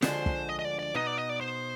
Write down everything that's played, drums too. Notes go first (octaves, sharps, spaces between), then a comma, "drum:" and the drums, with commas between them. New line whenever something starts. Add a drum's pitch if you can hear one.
D2 D3 F3 G#3 D4 C5, drum: snare
drum: kick
D#5
D#5
D5
D5
B2 B3 D#4 D#5
D5
D#5
D5
C5